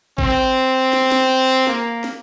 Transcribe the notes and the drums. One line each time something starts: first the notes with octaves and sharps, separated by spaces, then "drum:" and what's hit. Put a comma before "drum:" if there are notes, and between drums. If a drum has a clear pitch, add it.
C4, drum: kick G#1
drum: snare
drum: snare
A#3, drum: snare
drum: snare